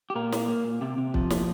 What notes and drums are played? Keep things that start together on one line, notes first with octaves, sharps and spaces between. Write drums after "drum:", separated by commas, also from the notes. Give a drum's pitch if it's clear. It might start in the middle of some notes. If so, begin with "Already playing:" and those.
G4
A#2 A#4
A#3, drum: snare
A#3
A#2
C3 G4
C3
F3, drum: kick
A#2, drum: snare